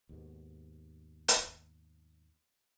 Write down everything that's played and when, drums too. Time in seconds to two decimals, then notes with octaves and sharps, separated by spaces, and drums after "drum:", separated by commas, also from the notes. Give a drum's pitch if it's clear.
0.09 D#2 G#2 B2
1.28 drum: hi-hat